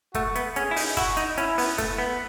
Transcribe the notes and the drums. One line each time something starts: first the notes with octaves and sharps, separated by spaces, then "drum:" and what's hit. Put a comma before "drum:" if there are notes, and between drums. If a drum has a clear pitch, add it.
A3 F#4, drum: kick, hi-hat
B3, drum: hi-hat
C#4 G#4, drum: hi-hat
E4
D#4, drum: open hi-hat
E4 F#4, drum: kick, hi-hat
D#4, drum: hi-hat
C#4 E4, drum: hi-hat
B3, drum: open hi-hat
A3, drum: kick, hi-hat
B3